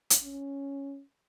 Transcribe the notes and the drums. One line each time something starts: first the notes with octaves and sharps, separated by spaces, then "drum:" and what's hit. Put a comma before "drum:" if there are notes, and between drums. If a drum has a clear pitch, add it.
drum: hi-hat
C#4